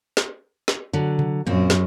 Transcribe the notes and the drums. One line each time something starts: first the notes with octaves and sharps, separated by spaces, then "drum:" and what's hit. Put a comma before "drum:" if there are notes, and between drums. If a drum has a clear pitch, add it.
drum: snare
drum: snare
D3 F#3
drum: tom C3
F#2 A#2 C4
drum: snare